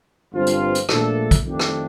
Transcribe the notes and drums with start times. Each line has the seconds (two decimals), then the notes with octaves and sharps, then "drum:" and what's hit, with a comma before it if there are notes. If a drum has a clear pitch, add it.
0.33 G1 G2 F3 C4 F4
0.47 drum: hi-hat
0.75 drum: hi-hat
0.89 A#1 A#2 A3 D4 A4, drum: rim click
1.31 drum: kick, hi-hat
1.46 F2 D#3 A3 D4 G4
1.59 drum: rim click